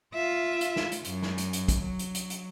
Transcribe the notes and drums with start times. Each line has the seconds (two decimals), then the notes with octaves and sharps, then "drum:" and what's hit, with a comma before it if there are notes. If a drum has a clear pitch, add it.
0.14 F4 E5
0.61 drum: hi-hat
0.76 drum: snare
0.92 drum: hi-hat
1.04 F#2, drum: hi-hat
1.22 drum: snare
1.38 drum: hi-hat
1.53 drum: hi-hat
1.68 drum: kick, hi-hat
1.84 F#3
1.99 drum: hi-hat
2.15 drum: hi-hat
2.30 drum: hi-hat